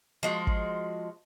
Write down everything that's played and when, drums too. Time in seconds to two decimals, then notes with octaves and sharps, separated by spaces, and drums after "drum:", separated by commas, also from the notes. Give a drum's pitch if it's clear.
0.23 F3 G#3 F#4
0.47 drum: kick